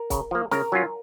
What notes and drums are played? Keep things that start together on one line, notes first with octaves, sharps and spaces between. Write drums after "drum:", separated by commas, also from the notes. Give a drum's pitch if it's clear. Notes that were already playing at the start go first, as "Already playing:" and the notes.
Already playing: A#4
C#3, drum: kick, hi-hat
F3 A#3
C#3 A#4, drum: snare
F#3 C#4 F4